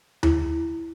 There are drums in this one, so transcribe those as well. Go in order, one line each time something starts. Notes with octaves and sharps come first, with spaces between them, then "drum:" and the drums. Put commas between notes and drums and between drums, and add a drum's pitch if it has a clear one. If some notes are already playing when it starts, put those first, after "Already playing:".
E4, drum: tom D#2